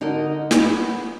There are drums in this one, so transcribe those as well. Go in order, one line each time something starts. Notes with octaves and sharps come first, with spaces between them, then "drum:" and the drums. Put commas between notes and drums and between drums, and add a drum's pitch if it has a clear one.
D3 D#4 F#4 A#4 D#5
B3, drum: snare